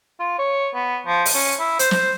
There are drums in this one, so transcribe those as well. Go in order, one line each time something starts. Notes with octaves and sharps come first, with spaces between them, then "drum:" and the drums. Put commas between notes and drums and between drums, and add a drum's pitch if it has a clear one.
F4
C#5
B3
F3
drum: open hi-hat
C#4
E4
C5, drum: hi-hat
C5, drum: snare